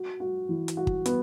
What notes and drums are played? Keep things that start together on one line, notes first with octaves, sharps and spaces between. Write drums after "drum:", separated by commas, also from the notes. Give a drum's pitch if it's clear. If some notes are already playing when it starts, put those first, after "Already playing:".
Already playing: F#4
F#4
E3
drum: hi-hat
F#4
drum: kick
B3, drum: hi-hat